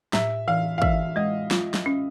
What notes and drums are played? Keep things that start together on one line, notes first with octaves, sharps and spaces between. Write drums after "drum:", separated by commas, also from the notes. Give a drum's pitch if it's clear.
A2 E5, drum: snare
E3 F5
F5
E3 E5, drum: kick
G#3 D#5
F4, drum: snare
drum: snare
C#4